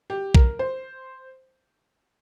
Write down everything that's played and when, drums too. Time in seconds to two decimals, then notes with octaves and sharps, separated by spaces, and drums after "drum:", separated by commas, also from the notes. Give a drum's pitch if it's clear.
0.10 G4
0.35 A#4, drum: kick B1
0.59 C5